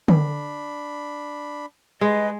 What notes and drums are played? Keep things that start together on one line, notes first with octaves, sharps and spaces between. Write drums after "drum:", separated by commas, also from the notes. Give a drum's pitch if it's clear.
D4 B5, drum: tom D3
G#3 G#4 B4 D#5